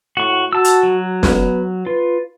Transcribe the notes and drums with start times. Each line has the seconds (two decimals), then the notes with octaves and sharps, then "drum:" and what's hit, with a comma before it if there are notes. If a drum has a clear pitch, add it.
0.17 A2 F#4 C#6
0.53 F#4 A5 E6
0.64 drum: hi-hat
0.83 F#3
1.23 B3, drum: snare
1.87 F4 B4